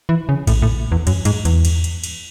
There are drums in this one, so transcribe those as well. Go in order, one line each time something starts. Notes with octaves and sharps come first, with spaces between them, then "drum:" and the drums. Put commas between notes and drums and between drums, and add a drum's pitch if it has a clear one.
E3
C#3
A2, drum: kick A#1, cymbal
A2
E2
F#2, drum: cymbal
G#2, drum: cymbal
E2, drum: cymbal
drum: cymbal
drum: cymbal
drum: cymbal